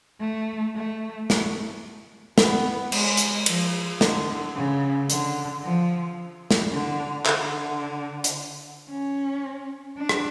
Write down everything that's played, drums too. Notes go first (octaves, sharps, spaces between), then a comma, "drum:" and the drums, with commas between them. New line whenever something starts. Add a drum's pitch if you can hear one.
A3
A3
A3, drum: snare
B3, drum: snare
G#3, drum: cymbal
drum: hi-hat
F3, drum: cymbal
D3, drum: snare
C#3
D3, drum: hi-hat
F3
drum: snare
D3
D3, drum: clap
drum: hi-hat
C#4
D4
drum: rim click